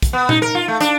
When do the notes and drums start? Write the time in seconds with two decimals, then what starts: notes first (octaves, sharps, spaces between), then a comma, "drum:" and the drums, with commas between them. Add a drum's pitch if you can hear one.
0.02 drum: kick, hi-hat
0.13 B3
0.29 D#4, drum: tom A#2
0.42 A#4
0.55 F4
0.68 A3
0.81 D4, drum: hi-hat